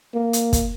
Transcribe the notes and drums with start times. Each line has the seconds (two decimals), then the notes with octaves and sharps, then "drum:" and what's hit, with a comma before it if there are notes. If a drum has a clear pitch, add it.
0.14 A#3
0.33 drum: hi-hat
0.53 drum: kick, hi-hat